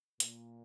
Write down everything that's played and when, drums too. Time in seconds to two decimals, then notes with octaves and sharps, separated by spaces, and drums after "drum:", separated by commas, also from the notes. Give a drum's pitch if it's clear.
0.20 A#2, drum: hi-hat